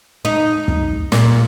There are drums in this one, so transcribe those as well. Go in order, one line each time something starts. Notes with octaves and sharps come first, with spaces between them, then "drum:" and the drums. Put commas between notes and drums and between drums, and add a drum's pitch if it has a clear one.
D#4
drum: kick
A#2, drum: snare